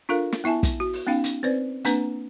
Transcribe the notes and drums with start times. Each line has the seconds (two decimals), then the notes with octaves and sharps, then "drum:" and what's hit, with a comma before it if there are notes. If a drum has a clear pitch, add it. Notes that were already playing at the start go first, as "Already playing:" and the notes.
0.09 D4 F4 A4 A#4 F5
0.32 drum: snare
0.44 B3 E4 E5 G#5 A5
0.63 drum: kick, hi-hat
0.80 F#4
0.93 drum: open hi-hat
1.07 B3 C#4 D#4 F5 G5
1.24 drum: hi-hat
1.43 C4 B4 C5 D5
1.85 A#3 C4 D4 B4 A#5, drum: hi-hat